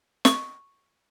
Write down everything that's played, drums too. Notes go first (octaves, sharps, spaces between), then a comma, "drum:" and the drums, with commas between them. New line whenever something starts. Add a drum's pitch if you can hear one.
C#6, drum: snare